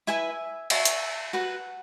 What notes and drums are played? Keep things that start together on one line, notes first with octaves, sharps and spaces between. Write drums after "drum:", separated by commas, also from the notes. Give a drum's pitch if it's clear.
E4 B4 E5 G#5
F#4 C#5 E5, drum: cymbal
drum: hi-hat
F#4 B4 F#5